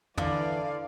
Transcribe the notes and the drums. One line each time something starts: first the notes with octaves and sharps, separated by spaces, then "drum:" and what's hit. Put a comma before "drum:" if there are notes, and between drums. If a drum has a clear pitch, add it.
D3 E3 D5 F5, drum: tom